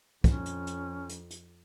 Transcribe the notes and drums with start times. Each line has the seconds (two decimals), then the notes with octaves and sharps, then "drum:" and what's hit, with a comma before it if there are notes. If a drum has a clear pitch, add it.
0.24 F2 C#4, drum: kick, hi-hat
0.45 drum: hi-hat
0.67 drum: hi-hat
1.09 drum: hi-hat
1.30 drum: hi-hat